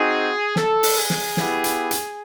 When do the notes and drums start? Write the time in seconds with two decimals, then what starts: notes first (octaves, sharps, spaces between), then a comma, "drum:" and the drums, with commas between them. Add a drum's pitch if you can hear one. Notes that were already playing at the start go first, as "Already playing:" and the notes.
Already playing: C4 D#4 F#4 G#4
0.56 A4, drum: snare
0.83 drum: open hi-hat
0.97 G#4
1.10 drum: snare
1.37 B3 E4 G4, drum: snare
1.64 drum: hi-hat
1.91 drum: hi-hat